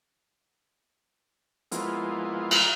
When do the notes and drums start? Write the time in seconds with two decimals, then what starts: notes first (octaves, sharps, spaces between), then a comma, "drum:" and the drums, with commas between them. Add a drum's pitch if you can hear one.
1.72 F3 G#3 A#3 B3 E4 F4, drum: hi-hat
2.51 drum: cymbal